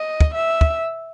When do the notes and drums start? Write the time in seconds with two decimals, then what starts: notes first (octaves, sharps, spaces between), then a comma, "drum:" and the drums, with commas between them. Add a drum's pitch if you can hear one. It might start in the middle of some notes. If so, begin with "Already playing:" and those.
Already playing: D#5
0.21 drum: kick
0.35 E5
0.61 drum: kick